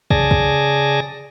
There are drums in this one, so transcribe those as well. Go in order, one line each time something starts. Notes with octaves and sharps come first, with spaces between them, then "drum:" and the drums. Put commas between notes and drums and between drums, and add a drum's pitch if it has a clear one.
C#3 G#4 D5 G#5 A5 A#6, drum: kick
drum: kick